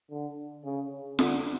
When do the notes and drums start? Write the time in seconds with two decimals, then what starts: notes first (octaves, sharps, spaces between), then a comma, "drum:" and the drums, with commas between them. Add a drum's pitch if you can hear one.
0.11 D3
0.65 C#3
1.19 D3, drum: snare F4